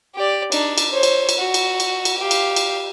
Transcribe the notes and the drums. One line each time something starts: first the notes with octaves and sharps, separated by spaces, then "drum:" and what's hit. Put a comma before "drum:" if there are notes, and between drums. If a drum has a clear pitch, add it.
G4 D5
D4 D#4, drum: cymbal
drum: cymbal
C5 C#5
drum: cymbal
drum: cymbal
F#4
drum: cymbal
drum: cymbal
drum: cymbal
G4 F5
drum: cymbal
drum: cymbal